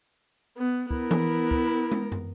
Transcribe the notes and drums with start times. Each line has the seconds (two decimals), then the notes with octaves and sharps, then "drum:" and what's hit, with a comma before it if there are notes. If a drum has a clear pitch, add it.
0.58 B3
0.91 B3 E4 A#4, drum: kick
1.11 drum: tom E3
1.51 drum: kick
1.92 drum: tom
2.12 drum: tom